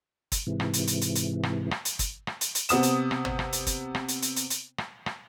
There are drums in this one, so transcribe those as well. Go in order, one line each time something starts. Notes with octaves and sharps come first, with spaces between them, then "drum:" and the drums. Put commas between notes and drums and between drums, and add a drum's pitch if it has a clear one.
drum: kick, hi-hat
G#2 C3 E3
drum: rim click
drum: hi-hat
drum: hi-hat
drum: hi-hat
drum: hi-hat
drum: rim click
drum: rim click
drum: hi-hat
drum: kick, hi-hat
drum: rim click
drum: hi-hat
drum: hi-hat
C3 B3 D#6 E7, drum: hi-hat
drum: hi-hat
drum: rim click
drum: tom G#1
drum: rim click
drum: hi-hat
drum: kick, hi-hat
drum: rim click
drum: hi-hat
drum: hi-hat
drum: hi-hat
drum: hi-hat
drum: rim click
drum: rim click